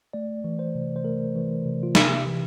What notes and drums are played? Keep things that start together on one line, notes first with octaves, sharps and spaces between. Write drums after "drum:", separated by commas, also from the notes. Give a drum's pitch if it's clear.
A3 D5
E3
C5
C3
C5
A3 A#4
E3
C3
F4
C3 G4, drum: snare
E3